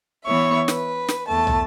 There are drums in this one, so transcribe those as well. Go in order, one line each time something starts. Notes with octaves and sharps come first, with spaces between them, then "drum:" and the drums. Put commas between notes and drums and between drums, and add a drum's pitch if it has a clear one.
E3 B3 C#5 E5 C#6
B4, drum: snare
drum: snare
E2 A3 A5
drum: tom